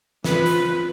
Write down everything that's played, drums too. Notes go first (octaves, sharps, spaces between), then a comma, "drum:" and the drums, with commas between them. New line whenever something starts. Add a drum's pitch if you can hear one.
F3 B4, drum: snare
drum: hi-hat